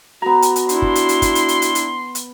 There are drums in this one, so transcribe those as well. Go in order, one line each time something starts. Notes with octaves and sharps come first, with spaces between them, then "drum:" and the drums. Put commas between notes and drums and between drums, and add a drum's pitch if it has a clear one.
B3 F#4 A#5
drum: hi-hat
drum: hi-hat
D4 E4 C6, drum: hi-hat
drum: kick
drum: hi-hat
drum: hi-hat
drum: kick, hi-hat
drum: hi-hat
drum: hi-hat
drum: hi-hat
drum: hi-hat
drum: hi-hat